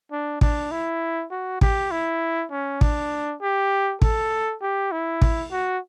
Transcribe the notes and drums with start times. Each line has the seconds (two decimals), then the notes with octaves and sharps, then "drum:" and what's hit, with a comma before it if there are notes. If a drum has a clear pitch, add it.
0.11 D4
0.41 D4, drum: kick
0.71 E4
1.31 F#4
1.61 G4, drum: kick
1.91 E4
2.51 C#4
2.81 D4, drum: kick
3.42 G4
4.02 A4, drum: kick
4.62 G4
4.92 E4
5.22 drum: kick
5.51 F#4